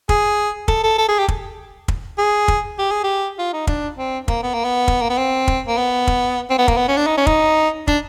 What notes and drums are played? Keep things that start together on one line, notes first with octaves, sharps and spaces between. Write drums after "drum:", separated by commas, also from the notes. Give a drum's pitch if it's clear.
G#4, drum: kick
A4, drum: kick
A4
A4
G#4
G4
drum: kick
drum: kick
G#4
drum: kick
G4
G#4
G4
F4
D#4
D4, drum: kick
C4
A#3, drum: kick
B3
A#3
B3
drum: kick
A#3
B3
C4
drum: kick
A#3
B3
drum: kick
C4
B3
A#3, drum: kick
B3
C#4
D4
D#4
C#4
D#4, drum: kick
D4, drum: kick